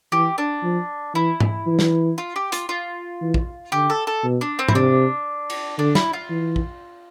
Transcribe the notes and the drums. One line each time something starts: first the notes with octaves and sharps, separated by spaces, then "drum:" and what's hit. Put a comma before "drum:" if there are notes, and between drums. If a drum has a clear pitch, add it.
E3 G4
D4
F3
E3 E4
drum: tom G#2
E3
drum: snare
F4
G4
F4, drum: hi-hat
F4
E3
drum: kick
D3 G4
A4
A4
B2
D4
C4
E4, drum: tom G#2
C3 D4
drum: cymbal
D3 D4
E4, drum: snare
F4
E3
drum: kick